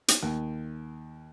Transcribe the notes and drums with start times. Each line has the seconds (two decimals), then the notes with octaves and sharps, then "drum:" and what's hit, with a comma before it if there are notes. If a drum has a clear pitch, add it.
0.08 drum: hi-hat
0.23 D#2